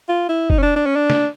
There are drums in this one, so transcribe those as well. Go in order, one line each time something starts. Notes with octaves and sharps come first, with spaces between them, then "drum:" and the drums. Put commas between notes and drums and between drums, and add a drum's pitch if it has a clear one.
F4
E4
D#4, drum: kick
C#4
D4
D4
C#4
D4
drum: snare